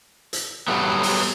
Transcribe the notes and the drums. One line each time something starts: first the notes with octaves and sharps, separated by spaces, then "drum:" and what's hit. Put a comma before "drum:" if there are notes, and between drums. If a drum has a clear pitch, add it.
drum: hi-hat
F#3 G3 A3 B3
drum: open hi-hat